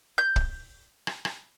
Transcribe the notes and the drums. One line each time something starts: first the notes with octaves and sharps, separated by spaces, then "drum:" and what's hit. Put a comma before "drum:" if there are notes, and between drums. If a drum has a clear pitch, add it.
G6
drum: kick
drum: rim click
drum: rim click